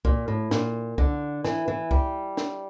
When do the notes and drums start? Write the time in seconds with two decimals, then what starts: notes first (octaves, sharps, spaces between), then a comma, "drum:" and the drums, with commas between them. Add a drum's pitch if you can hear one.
0.05 A#2, drum: kick C2
0.28 A2
0.51 A#2, drum: snare
0.98 D3, drum: kick C2
1.44 E3, drum: snare
1.68 E3
1.91 G3, drum: kick C2
2.37 drum: snare